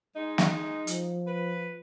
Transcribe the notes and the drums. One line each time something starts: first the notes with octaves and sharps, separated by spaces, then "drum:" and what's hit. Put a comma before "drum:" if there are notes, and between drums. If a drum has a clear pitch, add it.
G#3 D#4
drum: snare
F3, drum: hi-hat
B4